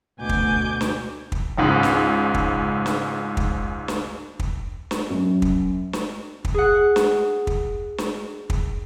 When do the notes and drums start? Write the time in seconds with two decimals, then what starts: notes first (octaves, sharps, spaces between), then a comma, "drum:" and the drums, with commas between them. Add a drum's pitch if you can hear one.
0.20 D2 B2 G#5 D6 G6
0.29 drum: kick
0.81 drum: snare
1.32 drum: kick
1.58 G#1 C#2 G#2
1.83 drum: snare
2.34 drum: kick
2.86 drum: snare
3.37 drum: kick
3.88 drum: snare
4.39 drum: kick
4.91 drum: snare
5.09 F#2
5.42 drum: kick
5.93 drum: snare
6.45 drum: kick
6.54 G#4 F#5
6.96 drum: snare
7.47 drum: kick
7.98 drum: snare
8.50 drum: kick